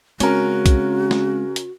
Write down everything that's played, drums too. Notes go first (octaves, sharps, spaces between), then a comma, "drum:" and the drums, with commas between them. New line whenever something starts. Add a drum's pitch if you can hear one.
C#3 G#3 C4 C#4 F#4 A#4, drum: hi-hat
drum: kick, hi-hat
drum: snare
drum: hi-hat